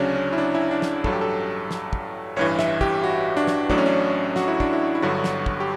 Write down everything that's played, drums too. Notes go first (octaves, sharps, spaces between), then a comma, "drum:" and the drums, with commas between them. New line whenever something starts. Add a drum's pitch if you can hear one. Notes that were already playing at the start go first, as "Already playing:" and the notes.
Already playing: D2 C#3 F#3 C#4 D4
C#4
E4
D4
E4
D4
drum: snare
A1 G2 F#3 A4, drum: kick
G4
A4
drum: snare
drum: kick
A1 G2 E3 C#5
E5, drum: snare
G4, drum: kick
F#4
D4
drum: snare
A1 A2 F#3 D4, drum: kick
C#4
D4
F#4, drum: snare
E4
D4, drum: kick
E4
E4
G1 G2 D3 F#3 F#4
drum: snare
drum: kick
G4